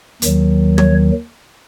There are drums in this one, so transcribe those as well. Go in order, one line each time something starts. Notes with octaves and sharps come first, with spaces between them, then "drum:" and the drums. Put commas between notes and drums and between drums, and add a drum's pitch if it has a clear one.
D#2 D#3 F#3, drum: hi-hat
C#5, drum: tom